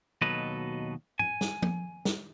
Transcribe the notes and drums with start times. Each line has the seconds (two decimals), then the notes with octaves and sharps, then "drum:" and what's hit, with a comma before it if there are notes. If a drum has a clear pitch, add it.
0.22 D#2 B2 F#3 A4 B4 D#5
1.19 G#5, drum: tom G#2
1.41 drum: snare
1.62 drum: tom F3
2.05 drum: snare